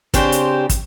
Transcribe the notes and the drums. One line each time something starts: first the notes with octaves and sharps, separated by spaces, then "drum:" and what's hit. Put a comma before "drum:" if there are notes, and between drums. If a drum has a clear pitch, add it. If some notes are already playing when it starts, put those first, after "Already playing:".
C#3 C4 D4 G4 C5, drum: kick, hi-hat
drum: hi-hat
drum: kick, hi-hat